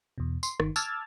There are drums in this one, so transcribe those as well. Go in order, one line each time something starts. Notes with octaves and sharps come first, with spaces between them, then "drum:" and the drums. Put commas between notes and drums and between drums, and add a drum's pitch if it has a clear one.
E2 B2
C6, drum: tambourine
G1 D#3, drum: rim click
A5 D6 E6 F6 G#6 A6, drum: tambourine